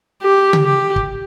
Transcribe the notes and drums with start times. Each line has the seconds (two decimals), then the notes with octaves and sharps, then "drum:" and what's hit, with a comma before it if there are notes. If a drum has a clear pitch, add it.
0.22 G4
0.53 drum: tom C#3
0.65 G4
0.96 drum: kick